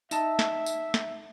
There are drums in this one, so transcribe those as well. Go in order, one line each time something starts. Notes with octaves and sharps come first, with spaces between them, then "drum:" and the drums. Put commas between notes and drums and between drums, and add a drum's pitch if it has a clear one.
D#4 E5 A5, drum: tambourine
drum: snare
drum: tambourine
drum: snare